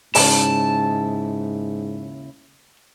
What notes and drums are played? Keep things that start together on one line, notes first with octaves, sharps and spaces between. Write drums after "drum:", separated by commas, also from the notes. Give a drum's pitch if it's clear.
D#2 G#2 C#3 E4 A5, drum: open hi-hat